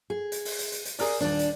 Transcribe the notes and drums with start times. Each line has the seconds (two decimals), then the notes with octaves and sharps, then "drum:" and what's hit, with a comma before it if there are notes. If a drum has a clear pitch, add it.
0.10 G#4
0.32 drum: hi-hat
0.45 drum: open hi-hat
0.59 drum: hi-hat
0.72 drum: hi-hat
0.85 drum: hi-hat
0.99 G#4 A#4 D5, drum: open hi-hat
1.21 D#1 D4 D5
1.39 drum: hi-hat